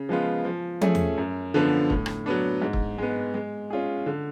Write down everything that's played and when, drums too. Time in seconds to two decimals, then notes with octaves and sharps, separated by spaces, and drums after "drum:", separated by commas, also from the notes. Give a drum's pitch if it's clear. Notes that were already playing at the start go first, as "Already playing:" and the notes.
Already playing: C#3
0.09 F3 G#3 B3 F4
0.45 F3
0.81 A3 C#4 G#4, drum: tom
0.95 drum: tom
1.18 F#2
1.54 D3 F3 B3 D4
1.90 A2, drum: kick
2.06 drum: rim click
2.26 F#3 B3 D4
2.62 G#2
2.73 drum: kick
2.98 G#3 B3
3.34 G#3
3.70 C#4 F4 G#4
4.06 D3